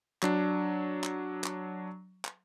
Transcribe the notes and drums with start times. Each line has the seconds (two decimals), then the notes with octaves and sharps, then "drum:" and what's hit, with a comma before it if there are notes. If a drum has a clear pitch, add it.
0.22 F#3 D4, drum: clap
1.03 drum: clap
1.44 drum: clap
2.25 drum: clap